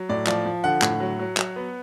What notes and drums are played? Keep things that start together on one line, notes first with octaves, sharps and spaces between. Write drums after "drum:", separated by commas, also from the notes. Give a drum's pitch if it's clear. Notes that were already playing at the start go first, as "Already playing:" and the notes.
Already playing: F#3
A2 D5
F3 D5, drum: clap
F3
D3 F#5
A2, drum: clap
F#3
F#3
F#3, drum: clap
B3